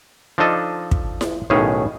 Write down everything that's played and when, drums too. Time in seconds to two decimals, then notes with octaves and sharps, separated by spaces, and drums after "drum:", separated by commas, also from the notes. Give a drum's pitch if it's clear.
0.38 F3 D4 D#4 A4 D#5
0.91 drum: kick
1.21 drum: snare E4
1.50 B1 A2 D#3 C#4 G#4 C#5